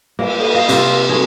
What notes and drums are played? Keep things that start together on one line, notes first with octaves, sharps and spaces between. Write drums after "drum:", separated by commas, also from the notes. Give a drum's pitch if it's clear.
A#3, drum: cymbal
A4 D#7, drum: cymbal
D#5 F5 C7
C3 F4, drum: hi-hat
F#3 D#4 F#4 G#4 A4